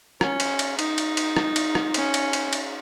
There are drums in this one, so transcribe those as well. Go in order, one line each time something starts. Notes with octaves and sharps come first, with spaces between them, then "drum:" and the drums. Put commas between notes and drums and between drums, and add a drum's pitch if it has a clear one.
C#4, drum: rim click
drum: cymbal
drum: cymbal
D#4, drum: cymbal
drum: cymbal
drum: cymbal
drum: rim click
drum: cymbal
drum: rim click
C#4, drum: cymbal
drum: cymbal
drum: cymbal
drum: cymbal